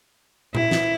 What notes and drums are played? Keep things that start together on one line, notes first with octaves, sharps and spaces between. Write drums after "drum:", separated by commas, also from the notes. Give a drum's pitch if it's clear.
E4, drum: tom A#2
drum: snare